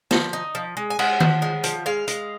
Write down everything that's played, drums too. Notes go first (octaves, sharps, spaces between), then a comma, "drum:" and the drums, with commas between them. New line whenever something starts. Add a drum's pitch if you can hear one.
F3, drum: snare
D#4
F3
G#3
G#5
G#3 F#5, drum: cymbal
F3, drum: tom D#3
G#3
F3, drum: hi-hat
G#3 F5
G#3, drum: hi-hat